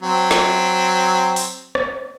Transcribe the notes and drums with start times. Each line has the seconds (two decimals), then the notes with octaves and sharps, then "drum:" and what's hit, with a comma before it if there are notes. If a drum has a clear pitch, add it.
0.02 F#3 C4
0.31 drum: snare
1.36 drum: open hi-hat
1.75 drum: rim click